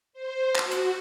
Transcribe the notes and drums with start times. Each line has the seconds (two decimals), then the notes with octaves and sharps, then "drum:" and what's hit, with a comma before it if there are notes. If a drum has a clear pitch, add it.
0.13 C5
0.56 F#4, drum: clap
0.71 drum: hi-hat